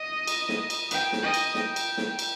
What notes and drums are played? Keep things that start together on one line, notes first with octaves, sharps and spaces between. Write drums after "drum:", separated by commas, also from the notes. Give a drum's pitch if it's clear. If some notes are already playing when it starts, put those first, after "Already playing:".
Already playing: D#5
drum: cymbal
drum: snare
drum: cymbal
G5, drum: cymbal
drum: snare
D#5
drum: cymbal
G5, drum: snare
drum: cymbal
drum: snare
drum: cymbal